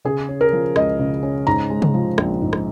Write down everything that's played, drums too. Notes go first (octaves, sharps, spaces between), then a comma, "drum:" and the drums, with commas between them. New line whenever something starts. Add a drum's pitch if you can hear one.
C#3 G#4
C#4
A#4
F3
C#2 D#5, drum: rim click
C#3
C#4
G#2 A#5
G#3
drum: tom C3
F3
A#1, drum: rim click
G#2
drum: rim click